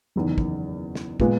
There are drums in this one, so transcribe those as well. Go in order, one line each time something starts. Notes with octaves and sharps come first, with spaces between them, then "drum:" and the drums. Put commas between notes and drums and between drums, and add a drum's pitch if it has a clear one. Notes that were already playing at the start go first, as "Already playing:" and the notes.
F#1 E2 D#3
drum: kick
drum: snare
A#2 G#3 B3, drum: kick